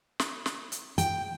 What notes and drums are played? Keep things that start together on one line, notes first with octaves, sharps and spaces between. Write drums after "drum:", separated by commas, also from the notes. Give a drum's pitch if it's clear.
drum: snare
drum: snare
drum: hi-hat
G5, drum: hi-hat